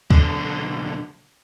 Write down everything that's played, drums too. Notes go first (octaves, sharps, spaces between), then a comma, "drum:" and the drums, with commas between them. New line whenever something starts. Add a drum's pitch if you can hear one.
B1 D3, drum: kick C#2